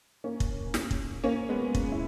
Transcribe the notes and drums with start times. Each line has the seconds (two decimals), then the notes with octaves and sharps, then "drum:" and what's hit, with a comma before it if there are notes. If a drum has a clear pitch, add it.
0.24 A#3 C#4
0.40 drum: kick
0.74 drum: snare
0.91 drum: kick
1.24 A#3 C#4
1.49 G#3 B3
1.75 drum: kick
1.92 E4